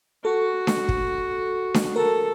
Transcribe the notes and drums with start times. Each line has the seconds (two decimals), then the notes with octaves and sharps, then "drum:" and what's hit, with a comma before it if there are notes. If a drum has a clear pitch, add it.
0.24 F#4 A4
0.67 drum: snare D4
0.89 drum: kick
1.74 drum: snare D4
1.96 A4 A#4